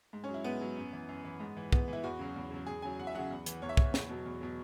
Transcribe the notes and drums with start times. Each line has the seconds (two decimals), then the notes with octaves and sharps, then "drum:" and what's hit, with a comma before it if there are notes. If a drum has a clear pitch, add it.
0.13 G#2
0.24 C#4
0.29 F#3
0.34 E4
0.44 G#2 B3
0.61 F#3
0.77 F#2
0.93 E3
1.09 F#2
1.24 E3
1.40 G#2
1.57 E3
1.72 G#2 B3, drum: kick
1.88 E3
1.93 E4
2.04 E2 F#4
2.19 C#3 F#3
2.36 E2
2.51 C#3 F#3
2.66 E2 G#4
2.82 C#3 F#3 G#5
2.99 E2 F#5
3.07 E5
3.15 C#3 F#3 F#5
3.31 E2
3.46 E3, drum: hi-hat
3.62 E2 C#5
3.69 E5
3.77 E3 C#5, drum: kick
3.94 E2, drum: snare
4.09 B2 F#3
4.26 E2
4.41 B2 F#3